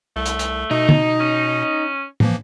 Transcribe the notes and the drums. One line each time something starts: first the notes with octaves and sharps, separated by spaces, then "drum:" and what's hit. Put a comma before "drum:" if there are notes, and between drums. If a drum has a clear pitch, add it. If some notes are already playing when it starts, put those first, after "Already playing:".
C2 A3
drum: hi-hat
drum: hi-hat
B2 D#4
drum: tom
C#4
E3 F3 A#3, drum: tom